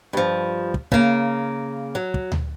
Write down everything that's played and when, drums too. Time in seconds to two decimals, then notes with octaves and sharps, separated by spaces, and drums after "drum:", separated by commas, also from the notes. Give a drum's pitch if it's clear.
0.13 G2 F3
0.74 drum: kick
0.92 C#3 A#3, drum: kick
1.95 F#3
2.14 drum: kick
2.32 drum: tom D2